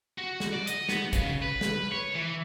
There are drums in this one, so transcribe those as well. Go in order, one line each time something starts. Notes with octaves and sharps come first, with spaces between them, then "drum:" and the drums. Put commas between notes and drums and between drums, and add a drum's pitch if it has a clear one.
F#4
drum: snare
D5
D#5, drum: hi-hat
B3, drum: snare
C#3, drum: kick, hi-hat
B4
drum: snare
C#5
E3